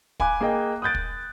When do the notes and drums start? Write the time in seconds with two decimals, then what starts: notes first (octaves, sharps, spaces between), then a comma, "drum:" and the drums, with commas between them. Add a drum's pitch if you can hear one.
0.20 F5 G#5 B5 D6 F#6, drum: kick
0.41 A#3 G#4 D#5 G5
0.82 D#6 F#6 G6 A6 D7
0.95 drum: kick